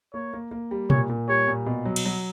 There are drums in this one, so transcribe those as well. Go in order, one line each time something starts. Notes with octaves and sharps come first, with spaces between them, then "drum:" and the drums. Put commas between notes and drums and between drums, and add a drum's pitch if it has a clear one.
A#3 C#5
A#3
A#3
G3
A#2 C#5, drum: tom B2
A#2
G3 C#5
A#2
B2
F#3
drum: cymbal
F#3